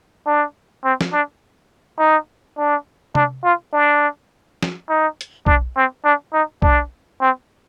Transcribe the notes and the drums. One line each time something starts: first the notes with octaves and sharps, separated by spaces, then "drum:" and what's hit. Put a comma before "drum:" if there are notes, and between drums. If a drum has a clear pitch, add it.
D4
C4
drum: snare
D4
D#4
D4
D4, drum: tom C3
F4
D4
drum: snare
D#4
drum: hi-hat
D4, drum: kick B1
C4
D4
D#4
D4, drum: kick B1
C4